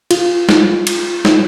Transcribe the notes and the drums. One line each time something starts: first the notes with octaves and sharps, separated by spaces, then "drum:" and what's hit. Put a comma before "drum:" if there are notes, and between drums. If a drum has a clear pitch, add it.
F4, drum: cymbal
drum: snare
drum: cymbal
drum: snare